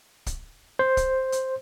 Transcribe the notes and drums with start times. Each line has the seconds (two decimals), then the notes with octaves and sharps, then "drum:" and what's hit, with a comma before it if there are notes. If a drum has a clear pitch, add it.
0.26 drum: kick C#1, hi-hat
0.79 C5
0.97 drum: kick C#1, hi-hat
1.32 drum: hi-hat